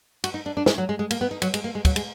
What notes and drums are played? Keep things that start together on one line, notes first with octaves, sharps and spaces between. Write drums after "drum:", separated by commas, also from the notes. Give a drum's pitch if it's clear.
F#4, drum: cymbal
D#4
D4
D4
G#3, drum: snare
F#3
G#3
G#3
A#3, drum: cymbal
B3
D#4
F#3, drum: cymbal
G#3, drum: cymbal
A#3
G#3
F#3, drum: kick, cymbal
G#3, drum: cymbal